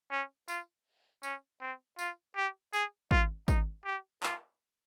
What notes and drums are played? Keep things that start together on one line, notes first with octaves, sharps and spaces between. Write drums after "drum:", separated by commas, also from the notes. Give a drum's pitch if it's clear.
C#4
F4, drum: tambourine
C#4, drum: tambourine
C4
F4, drum: tambourine
G4
G#4, drum: tambourine
F4, drum: kick
D#4, drum: kick, tambourine
G4
F4, drum: clap